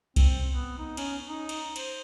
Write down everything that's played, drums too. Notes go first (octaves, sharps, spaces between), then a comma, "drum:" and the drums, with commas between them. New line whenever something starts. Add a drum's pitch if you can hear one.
C4, drum: kick C2, cymbal
B3
D#4
C#4, drum: cymbal
D#4
drum: cymbal
C5, drum: cymbal